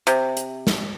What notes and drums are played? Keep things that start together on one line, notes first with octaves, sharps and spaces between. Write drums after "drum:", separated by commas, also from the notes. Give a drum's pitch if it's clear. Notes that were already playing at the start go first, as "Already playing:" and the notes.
C3, drum: hi-hat
drum: hi-hat
drum: snare